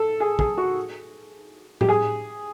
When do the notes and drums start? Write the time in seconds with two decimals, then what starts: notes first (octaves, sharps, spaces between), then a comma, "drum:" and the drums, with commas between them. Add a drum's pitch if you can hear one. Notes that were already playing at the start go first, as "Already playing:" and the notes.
Already playing: A4
0.20 G#4
0.39 G#4, drum: kick
0.58 F#4
1.81 G4, drum: tom A2
1.89 G#4